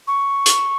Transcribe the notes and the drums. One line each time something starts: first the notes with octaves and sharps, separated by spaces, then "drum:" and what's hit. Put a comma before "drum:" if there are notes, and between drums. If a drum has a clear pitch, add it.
C#6
drum: hi-hat